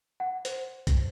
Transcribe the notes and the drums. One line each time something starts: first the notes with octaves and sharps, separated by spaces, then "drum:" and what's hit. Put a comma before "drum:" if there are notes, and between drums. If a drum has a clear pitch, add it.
F#5
C5, drum: hi-hat
drum: kick, hi-hat